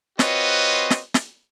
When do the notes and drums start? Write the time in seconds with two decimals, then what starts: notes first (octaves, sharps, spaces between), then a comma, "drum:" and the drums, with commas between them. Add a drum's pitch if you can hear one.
0.19 C4 F4 F#4 B4 C#5 D#5, drum: snare
0.90 drum: snare
1.14 drum: snare